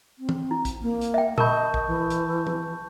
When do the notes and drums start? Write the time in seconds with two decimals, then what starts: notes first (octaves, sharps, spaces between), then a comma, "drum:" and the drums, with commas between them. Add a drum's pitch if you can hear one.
0.19 C4
0.29 drum: tom
0.51 E4
0.65 drum: kick A#1, hi-hat
0.82 A#3
1.01 drum: hi-hat
1.14 E5 G5
1.38 A#4 D#5 A5 B5 C#6 G6, drum: tom A#2
1.74 drum: kick A#1
1.87 E3
2.10 drum: hi-hat
2.47 drum: tom